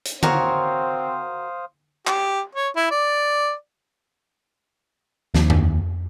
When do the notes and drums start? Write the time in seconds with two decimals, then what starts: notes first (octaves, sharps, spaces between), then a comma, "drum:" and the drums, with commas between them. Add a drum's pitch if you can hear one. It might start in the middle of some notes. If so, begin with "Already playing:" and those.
0.05 drum: hi-hat
0.23 C4 F#4 A#4 C5 C#5 F5 D#6, drum: tom D3
2.07 G4, drum: clap
2.55 C#5
2.76 E4
2.91 D5
5.34 D#2, drum: snare
5.50 drum: tom F2